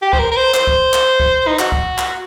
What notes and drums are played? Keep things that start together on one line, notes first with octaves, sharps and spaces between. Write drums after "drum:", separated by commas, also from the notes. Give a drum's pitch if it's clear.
G4
C5, drum: kick C2
A#4
A#4
C5
C5, drum: clap
drum: kick C2
drum: clap
drum: kick C2
D#4
F#4, drum: clap
drum: kick C2
drum: clap